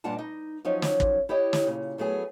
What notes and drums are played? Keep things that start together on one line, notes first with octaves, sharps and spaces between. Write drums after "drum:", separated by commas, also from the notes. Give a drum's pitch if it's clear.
G2 A#2 D4 F4 F#5 A5
D#4
F3 F#3 C#4 D#4
drum: snare
drum: kick
E4 G4 C#5 D#5
drum: snare
A#2 C#3
F#3 A3 B3 G#4